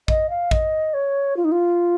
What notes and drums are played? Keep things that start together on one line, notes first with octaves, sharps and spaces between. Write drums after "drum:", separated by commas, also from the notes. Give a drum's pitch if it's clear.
D#5, drum: kick
F5
D#5, drum: kick
C#5
F4
D#4
F4